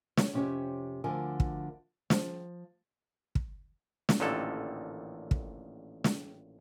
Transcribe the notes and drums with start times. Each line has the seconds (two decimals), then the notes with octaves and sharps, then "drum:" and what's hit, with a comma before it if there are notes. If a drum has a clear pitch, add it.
0.17 C#5, drum: snare
0.33 F2 C3 C#4 F4 G4 C#5
1.04 D2 D3 F3 A#4 G#5
1.40 drum: kick
2.10 F3, drum: snare
3.35 drum: kick
4.09 drum: snare
4.20 A1 A#2 D3 D#3 A4
5.31 drum: kick
6.04 drum: snare